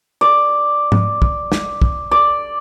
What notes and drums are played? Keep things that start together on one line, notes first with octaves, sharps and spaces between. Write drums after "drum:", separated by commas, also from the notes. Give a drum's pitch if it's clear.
D5
drum: tom G#2
drum: kick
drum: snare
drum: kick
D5